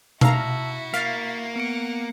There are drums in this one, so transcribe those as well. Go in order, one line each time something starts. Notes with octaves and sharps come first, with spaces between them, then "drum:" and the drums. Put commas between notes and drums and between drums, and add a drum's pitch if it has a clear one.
E4 F#4 F5 A5 A#5 E6, drum: tom B2
A#3 F5 A6 B6
B3 F#5 C#7 D7